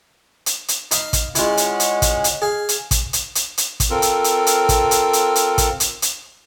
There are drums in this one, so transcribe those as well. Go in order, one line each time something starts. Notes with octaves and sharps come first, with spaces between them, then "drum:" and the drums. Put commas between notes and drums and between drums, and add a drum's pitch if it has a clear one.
drum: hi-hat
drum: hi-hat
D#4 F5 B5, drum: hi-hat
drum: kick, hi-hat
G#3 C#4 E4 F4 F#5, drum: hi-hat
drum: hi-hat
drum: hi-hat
drum: kick, hi-hat
drum: hi-hat
G#4 F5
drum: hi-hat
drum: kick, hi-hat
drum: hi-hat
drum: hi-hat
drum: hi-hat
drum: kick, hi-hat
C4 F4 A4 A#4
drum: hi-hat
drum: hi-hat
drum: hi-hat
drum: kick, hi-hat
drum: hi-hat
drum: hi-hat
drum: hi-hat
drum: kick, hi-hat
drum: hi-hat
drum: hi-hat